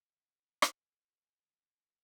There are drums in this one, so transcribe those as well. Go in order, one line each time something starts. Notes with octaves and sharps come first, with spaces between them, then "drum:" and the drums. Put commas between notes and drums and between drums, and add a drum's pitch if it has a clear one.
G#3 B3 G#4 D#5 F#5
drum: rim click
G#5
C#4 F#4 D#5 G#5
G#5